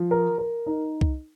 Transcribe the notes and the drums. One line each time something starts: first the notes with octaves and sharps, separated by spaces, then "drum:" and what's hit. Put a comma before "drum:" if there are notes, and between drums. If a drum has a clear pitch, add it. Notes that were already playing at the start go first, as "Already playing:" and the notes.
Already playing: F3
A#4
A#4
D#4
drum: kick C2